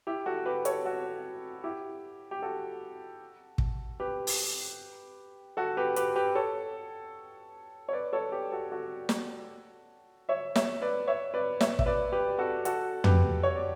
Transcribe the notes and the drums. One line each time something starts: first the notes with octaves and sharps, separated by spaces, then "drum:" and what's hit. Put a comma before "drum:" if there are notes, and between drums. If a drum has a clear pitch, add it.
E4 G4
F#4 A4
G4 B4
A4 C#5, drum: hi-hat
F#4 A4
E4 G4
G4
F#4 A4
drum: kick
G4 B4
drum: open hi-hat
F#4 A4
G4 B4
G4 B4, drum: hi-hat
G4 B4
A4 C#5
C#5
B4 D5
A4 C#5
G4 B4
F#4 A4
F#4 A4
drum: snare
C#5 E5
C#5 E5, drum: snare
B4 D5
C#5 E5
B4 D5
C#5 E5, drum: snare
E5, drum: kick
B4 D5
G4 B4
F#4 A4
F#4 A4, drum: hi-hat
G4 B4, drum: tom
C#5
D5